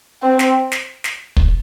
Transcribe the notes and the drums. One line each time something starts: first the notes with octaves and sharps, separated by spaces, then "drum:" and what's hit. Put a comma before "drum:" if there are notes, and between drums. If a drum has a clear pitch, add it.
C4
drum: snare
drum: snare
drum: snare
drum: kick